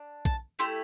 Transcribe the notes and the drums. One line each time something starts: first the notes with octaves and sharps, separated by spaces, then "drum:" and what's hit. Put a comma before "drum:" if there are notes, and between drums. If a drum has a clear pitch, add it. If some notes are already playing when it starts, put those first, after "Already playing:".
Already playing: D4
A5, drum: kick A#1
A3 E4 G4 C6